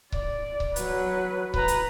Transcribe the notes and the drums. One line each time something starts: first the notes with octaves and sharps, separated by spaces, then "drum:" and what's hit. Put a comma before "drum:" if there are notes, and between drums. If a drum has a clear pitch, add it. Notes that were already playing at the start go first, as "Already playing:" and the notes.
D5, drum: kick C#1
drum: kick C#1
F#3 B4, drum: hi-hat
B4 A#5, drum: kick C#1
drum: hi-hat